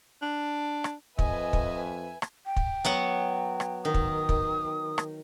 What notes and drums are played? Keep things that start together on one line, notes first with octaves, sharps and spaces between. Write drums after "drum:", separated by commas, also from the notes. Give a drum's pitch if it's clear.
D4
drum: rim click
F2 B4 D#5 E5 G#5, drum: kick
drum: kick
drum: rim click
G5
drum: kick
F#3 B3 F#5
drum: rim click
D#3 D#6
drum: kick
drum: kick
drum: rim click